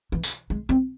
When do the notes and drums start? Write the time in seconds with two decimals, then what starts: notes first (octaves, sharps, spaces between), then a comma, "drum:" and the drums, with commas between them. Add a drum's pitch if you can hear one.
0.12 E3
0.24 drum: tambourine
0.50 G#3
0.69 C4